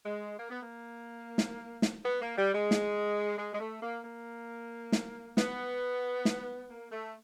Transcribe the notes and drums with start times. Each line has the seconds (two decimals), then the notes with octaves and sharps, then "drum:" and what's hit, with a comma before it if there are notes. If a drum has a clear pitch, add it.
0.06 G#3
0.39 A#3
0.50 B3
0.62 A#3
1.38 drum: snare
1.82 drum: snare
2.05 B3
2.22 A#3
2.38 G3
2.55 G#3
2.71 drum: snare
3.38 G#3
3.53 G#3
3.60 A3
3.82 A#3
4.04 A#3
4.92 drum: snare
5.37 B3, drum: snare
6.25 drum: snare
6.70 A#3
6.92 A3